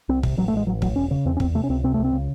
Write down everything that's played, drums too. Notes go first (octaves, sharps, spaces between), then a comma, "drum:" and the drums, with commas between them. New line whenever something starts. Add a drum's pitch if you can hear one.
C2 C4
C3, drum: kick
A1 F#3
A3
A1 G#3
A1 F#3
A2 F#3, drum: kick
E1 C#4
C#3
E2 C4
C#4
E2 C4, drum: kick
C3 A3
C#4
C#2 C4
C3 C4
C#2 A3
C4
C#3